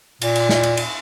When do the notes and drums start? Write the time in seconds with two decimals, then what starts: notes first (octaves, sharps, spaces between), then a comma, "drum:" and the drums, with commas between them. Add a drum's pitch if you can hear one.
0.22 A#2, drum: cymbal
0.35 drum: cymbal
0.49 drum: snare
0.63 drum: cymbal
0.77 drum: cymbal